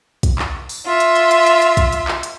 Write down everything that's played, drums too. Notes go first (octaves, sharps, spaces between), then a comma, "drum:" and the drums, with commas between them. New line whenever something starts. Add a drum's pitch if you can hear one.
drum: kick, hi-hat
drum: clap
drum: open hi-hat
F4 E5
drum: hi-hat
drum: hi-hat
drum: hi-hat
drum: hi-hat
drum: hi-hat
drum: kick, hi-hat
drum: hi-hat
drum: clap
drum: hi-hat